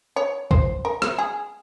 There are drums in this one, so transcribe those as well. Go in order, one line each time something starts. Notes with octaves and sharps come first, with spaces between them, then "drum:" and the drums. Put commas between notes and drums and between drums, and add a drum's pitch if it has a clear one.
C#5
C5, drum: kick
A#4
drum: rim click
G#4